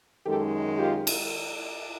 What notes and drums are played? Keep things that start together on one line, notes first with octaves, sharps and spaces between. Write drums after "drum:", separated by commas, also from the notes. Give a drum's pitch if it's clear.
F#2 D#3 G#3 G4 A4
F4 G4
drum: cymbal